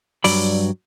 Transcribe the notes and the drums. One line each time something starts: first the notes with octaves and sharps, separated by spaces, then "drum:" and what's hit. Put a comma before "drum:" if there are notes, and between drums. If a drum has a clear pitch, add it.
G2 F#3 D5 B5, drum: open hi-hat